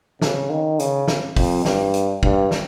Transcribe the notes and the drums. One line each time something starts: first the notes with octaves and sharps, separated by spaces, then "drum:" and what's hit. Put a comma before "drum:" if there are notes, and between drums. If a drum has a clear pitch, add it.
C#3, drum: snare
D#3
C#3, drum: hi-hat
drum: snare
F2, drum: kick, open hi-hat
G2, drum: snare
drum: hi-hat
G2, drum: kick
drum: snare